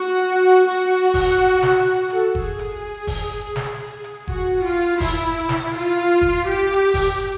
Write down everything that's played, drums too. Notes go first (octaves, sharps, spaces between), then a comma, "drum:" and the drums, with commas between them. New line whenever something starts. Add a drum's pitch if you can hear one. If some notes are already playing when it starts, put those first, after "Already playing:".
Already playing: F#4
F#4
drum: kick F#1, open hi-hat
drum: snare
A4, drum: hi-hat
drum: kick F#1
G#4
drum: hi-hat
drum: kick F#1, open hi-hat
drum: snare
drum: hi-hat
F#4, drum: kick F#1
F4
E4, drum: kick F#1, open hi-hat
drum: snare
F4
drum: hi-hat
drum: kick F#1
G4, drum: hi-hat
drum: kick F#1, open hi-hat